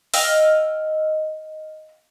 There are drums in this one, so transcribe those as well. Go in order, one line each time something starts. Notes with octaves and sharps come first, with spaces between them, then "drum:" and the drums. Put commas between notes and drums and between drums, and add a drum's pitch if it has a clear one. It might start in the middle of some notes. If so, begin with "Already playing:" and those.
D#5 F5 G5 E6, drum: open hi-hat